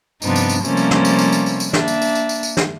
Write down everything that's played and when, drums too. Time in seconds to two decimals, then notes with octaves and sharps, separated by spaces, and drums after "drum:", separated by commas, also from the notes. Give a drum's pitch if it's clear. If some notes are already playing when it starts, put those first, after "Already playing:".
0.22 G2 C3 F3 B3 D4 D#4, drum: tambourine
0.36 drum: tambourine
0.49 drum: tambourine
0.65 C3 F3 G3 A3 A#3 C#4, drum: tambourine
0.77 drum: tambourine
0.91 drum: snare
1.05 drum: tambourine
1.19 drum: tambourine
1.32 drum: tambourine
1.46 drum: tambourine
1.60 drum: tambourine
1.73 A#3 D4 E5, drum: snare
1.88 drum: tambourine
2.02 drum: tambourine
2.15 drum: tambourine
2.29 drum: tambourine
2.43 drum: tambourine
2.57 drum: snare